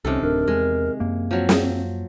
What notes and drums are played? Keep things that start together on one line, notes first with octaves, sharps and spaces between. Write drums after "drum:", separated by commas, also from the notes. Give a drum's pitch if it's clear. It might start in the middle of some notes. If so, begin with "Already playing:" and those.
C2 C3 D#3 C#4 A4
D1 D4 A#4
E2 G#3
F#2 A#3
F3 F#3 C4
drum: snare